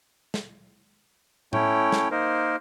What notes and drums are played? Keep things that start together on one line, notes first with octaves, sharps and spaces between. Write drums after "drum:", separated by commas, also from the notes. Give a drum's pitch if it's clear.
drum: snare
A3 C#4 E4 C#5 G5, drum: tom A2
drum: snare
A#3 D#4 A#4 C5